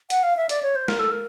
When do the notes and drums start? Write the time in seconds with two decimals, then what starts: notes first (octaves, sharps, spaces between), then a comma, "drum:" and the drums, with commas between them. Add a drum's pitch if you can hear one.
0.10 F#5, drum: hi-hat
0.23 F5
0.37 E5
0.49 D5, drum: hi-hat
0.63 C#5
0.75 C5
0.88 A#4, drum: snare
0.99 A4
1.11 A#4